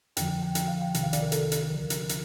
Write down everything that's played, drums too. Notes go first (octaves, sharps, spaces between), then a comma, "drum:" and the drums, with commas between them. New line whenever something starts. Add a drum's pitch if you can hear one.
F2 D3 F3 G5, drum: hi-hat
G5
G5
G5, drum: hi-hat
F5
G5
C2 C3 D#3 G5, drum: hi-hat
F5
D5, drum: hi-hat
A#4
A4, drum: hi-hat
drum: hi-hat
D2 D3 F3 A#4
drum: hi-hat
drum: hi-hat